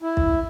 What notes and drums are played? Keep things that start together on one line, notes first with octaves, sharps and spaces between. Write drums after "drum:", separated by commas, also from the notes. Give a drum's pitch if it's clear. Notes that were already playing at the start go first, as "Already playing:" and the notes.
E4
drum: kick